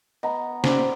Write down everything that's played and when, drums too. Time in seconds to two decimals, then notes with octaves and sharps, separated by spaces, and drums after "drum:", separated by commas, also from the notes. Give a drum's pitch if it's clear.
0.23 B3 D#5 A#5
0.64 C#4 G4 C5 D5, drum: snare